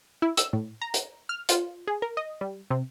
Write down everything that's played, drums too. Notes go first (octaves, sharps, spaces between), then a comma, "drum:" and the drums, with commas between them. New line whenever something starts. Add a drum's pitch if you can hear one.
E4
E6, drum: hi-hat
A2
A#5
drum: hi-hat
F6
F4, drum: hi-hat
G#4
A#4
D#5
G3
C3